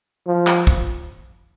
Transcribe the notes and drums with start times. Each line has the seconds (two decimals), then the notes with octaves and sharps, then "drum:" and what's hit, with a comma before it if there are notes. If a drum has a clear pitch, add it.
0.27 F3
0.47 drum: clap
0.67 drum: kick